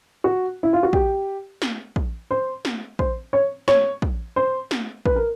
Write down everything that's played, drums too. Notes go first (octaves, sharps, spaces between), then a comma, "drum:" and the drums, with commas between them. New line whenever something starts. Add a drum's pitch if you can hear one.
F#4
E4
F4
F#4
G4, drum: kick
drum: snare
drum: kick
C5
drum: snare
C5, drum: kick
C#5
C#5, drum: snare
drum: kick
C5
drum: snare
B4, drum: kick
A#4